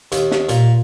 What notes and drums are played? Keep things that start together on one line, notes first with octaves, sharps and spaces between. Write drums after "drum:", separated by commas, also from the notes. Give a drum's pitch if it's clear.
D#2, drum: hi-hat
drum: snare
A#2, drum: hi-hat